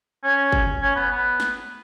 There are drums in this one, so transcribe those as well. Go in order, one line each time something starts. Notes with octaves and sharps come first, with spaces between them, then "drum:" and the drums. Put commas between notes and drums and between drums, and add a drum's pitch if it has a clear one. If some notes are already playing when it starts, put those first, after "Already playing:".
C#4
drum: kick
C#4
B3
B3
drum: snare